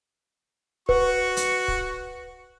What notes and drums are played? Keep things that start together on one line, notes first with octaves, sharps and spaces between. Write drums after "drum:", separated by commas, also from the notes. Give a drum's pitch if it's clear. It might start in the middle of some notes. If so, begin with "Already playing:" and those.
F#4 B4 C#6, drum: kick
drum: hi-hat
drum: kick